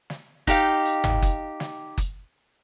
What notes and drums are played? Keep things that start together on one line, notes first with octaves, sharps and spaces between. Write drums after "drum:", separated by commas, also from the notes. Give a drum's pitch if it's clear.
drum: snare
D#4 G4 F5 G5, drum: kick F#1, hi-hat
drum: hi-hat
drum: tom G1
drum: kick F#1, hi-hat
drum: snare
drum: kick F#1, hi-hat